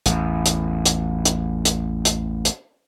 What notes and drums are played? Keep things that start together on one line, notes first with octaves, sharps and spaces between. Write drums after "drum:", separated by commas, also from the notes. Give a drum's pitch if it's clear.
A1 E2, drum: hi-hat
drum: hi-hat
drum: hi-hat
drum: hi-hat
drum: hi-hat
drum: hi-hat
drum: hi-hat